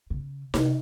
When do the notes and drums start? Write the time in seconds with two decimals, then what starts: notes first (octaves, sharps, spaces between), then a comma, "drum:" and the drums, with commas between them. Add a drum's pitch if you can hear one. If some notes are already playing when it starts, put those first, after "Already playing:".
0.10 C#3
0.54 C3, drum: snare D#4